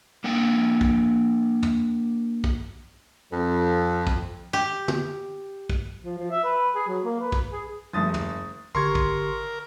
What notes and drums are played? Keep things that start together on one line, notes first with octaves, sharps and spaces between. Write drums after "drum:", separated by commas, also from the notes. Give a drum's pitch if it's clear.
A#3 D4 G5
drum: kick
drum: tom
drum: kick
F2
drum: kick
G4
drum: tom
drum: kick
F3
F3
E5
B4
G#4
F#3
A#3
B4
drum: kick
G#4
F#1 F3 G3 A3 D#6 A6
drum: tom
G#1 D3 G4 A#4 C6 C#6 G#6
drum: kick